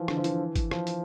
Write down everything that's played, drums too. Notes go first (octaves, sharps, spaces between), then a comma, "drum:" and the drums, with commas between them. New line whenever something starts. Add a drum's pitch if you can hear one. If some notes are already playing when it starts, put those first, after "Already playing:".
Already playing: E3 F3
D3, drum: rim click
F3
E3, drum: hi-hat
drum: kick, hi-hat
F3, drum: rim click
drum: hi-hat